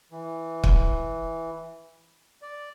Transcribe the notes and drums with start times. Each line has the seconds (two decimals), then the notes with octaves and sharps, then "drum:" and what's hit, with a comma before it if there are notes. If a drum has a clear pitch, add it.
0.12 E3
0.64 drum: kick
2.42 D5